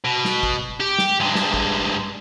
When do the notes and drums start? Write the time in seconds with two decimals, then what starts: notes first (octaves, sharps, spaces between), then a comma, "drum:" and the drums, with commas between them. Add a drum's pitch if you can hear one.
0.04 B2
0.25 drum: snare
0.43 drum: kick
0.80 G4
0.99 drum: snare
1.20 G2 G#3
1.35 drum: snare
1.54 drum: kick